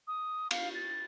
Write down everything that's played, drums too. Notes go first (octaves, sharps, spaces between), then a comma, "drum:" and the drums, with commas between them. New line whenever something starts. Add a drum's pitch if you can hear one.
D#6
F5, drum: cymbal
A6